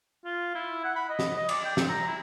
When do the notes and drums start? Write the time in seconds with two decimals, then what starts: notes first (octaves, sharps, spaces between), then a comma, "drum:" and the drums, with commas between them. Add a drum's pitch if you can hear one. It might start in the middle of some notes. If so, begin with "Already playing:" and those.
0.25 F4
0.55 E4
0.84 F#5
0.96 B5
1.10 D#5
1.19 drum: snare
1.37 D#5
1.49 D5, drum: cymbal
1.64 G5
1.77 C4, drum: snare
1.89 A#5
2.08 E4